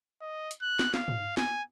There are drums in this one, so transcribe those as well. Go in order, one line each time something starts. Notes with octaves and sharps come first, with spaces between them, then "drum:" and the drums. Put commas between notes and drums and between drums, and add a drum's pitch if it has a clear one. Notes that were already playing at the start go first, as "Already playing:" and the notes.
D#5
drum: hi-hat
F#6
drum: snare
F5, drum: snare
drum: tom
G#5, drum: snare